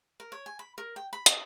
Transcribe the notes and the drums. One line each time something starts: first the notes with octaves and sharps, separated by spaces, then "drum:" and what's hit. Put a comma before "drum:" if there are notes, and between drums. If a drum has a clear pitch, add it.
A#4
C#5
G#5
B5
A#4
G5
B5
D#5, drum: hi-hat